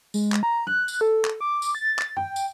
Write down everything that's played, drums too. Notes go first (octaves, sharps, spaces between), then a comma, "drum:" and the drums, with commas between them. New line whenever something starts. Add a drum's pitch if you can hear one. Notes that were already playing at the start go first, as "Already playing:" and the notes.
G#3, drum: tambourine
drum: clap
A#5
F#6, drum: tom
drum: tambourine
A4
drum: clap
D6
drum: tambourine
A6
drum: clap
G5, drum: tom
drum: tambourine